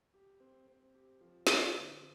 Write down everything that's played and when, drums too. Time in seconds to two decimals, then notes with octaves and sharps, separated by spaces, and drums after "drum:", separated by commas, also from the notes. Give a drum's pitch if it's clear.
0.14 G4
0.40 C4
0.67 C4
0.95 G4
1.21 F3
1.47 C4, drum: snare
1.73 D3